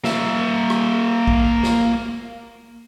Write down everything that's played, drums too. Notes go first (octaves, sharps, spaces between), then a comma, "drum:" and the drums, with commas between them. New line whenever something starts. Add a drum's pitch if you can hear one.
A#3 E5, drum: snare
drum: rim click
drum: kick
drum: snare